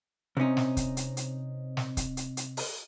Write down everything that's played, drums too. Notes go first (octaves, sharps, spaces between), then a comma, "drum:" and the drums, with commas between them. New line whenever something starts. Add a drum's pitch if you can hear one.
C3 C4 C#4 D#4
drum: snare
drum: kick, hi-hat
drum: hi-hat
drum: hi-hat
drum: snare
drum: kick, hi-hat
drum: hi-hat
drum: hi-hat
drum: open hi-hat